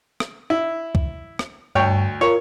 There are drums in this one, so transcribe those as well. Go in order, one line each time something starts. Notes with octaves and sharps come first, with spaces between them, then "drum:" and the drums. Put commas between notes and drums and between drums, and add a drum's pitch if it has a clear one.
drum: rim click
E4
drum: kick
drum: rim click
D2 G2 C#5 G5
F4 A#4 C#5